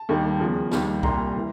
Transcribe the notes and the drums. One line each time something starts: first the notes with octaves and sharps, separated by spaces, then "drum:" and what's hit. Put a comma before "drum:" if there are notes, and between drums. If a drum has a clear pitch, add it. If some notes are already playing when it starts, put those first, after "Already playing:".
Already playing: A5
D#2 D#3 G3
E2 C#3 F3
D#2 D#3 G3, drum: snare
C2 A#2 G3 A#5 C6, drum: kick B1
E3